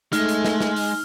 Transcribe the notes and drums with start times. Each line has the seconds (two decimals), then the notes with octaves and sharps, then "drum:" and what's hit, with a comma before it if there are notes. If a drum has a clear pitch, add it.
0.13 G#3 A3 D#4 F6, drum: hi-hat
0.29 drum: hi-hat
0.45 drum: snare
0.60 drum: snare
0.76 drum: open hi-hat